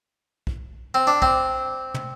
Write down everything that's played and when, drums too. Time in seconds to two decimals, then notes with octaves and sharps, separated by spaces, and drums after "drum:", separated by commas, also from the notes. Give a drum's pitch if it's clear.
0.47 drum: kick
0.94 C4
1.07 D4
1.22 C4, drum: kick
1.94 drum: tom